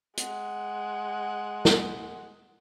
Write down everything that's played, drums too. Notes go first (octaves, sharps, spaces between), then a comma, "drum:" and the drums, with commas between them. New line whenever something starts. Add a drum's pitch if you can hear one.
G#3 F#5, drum: hi-hat
drum: snare